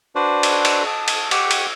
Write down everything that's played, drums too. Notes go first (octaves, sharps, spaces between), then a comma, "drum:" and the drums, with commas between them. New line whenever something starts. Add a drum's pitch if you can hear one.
D4 F#4 B4 C5 D5
drum: cymbal
drum: cymbal
A5 D#6
drum: cymbal
G4 F#5 G5 C#6 D6, drum: cymbal
drum: cymbal